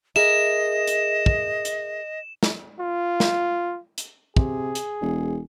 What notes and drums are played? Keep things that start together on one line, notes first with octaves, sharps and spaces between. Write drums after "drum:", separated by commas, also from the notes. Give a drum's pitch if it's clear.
G#4 A#4 D#5 E5 E7
drum: hi-hat
drum: kick
drum: hi-hat
drum: snare
F4
drum: snare
drum: hi-hat
C3 G#4, drum: kick
drum: hi-hat
E1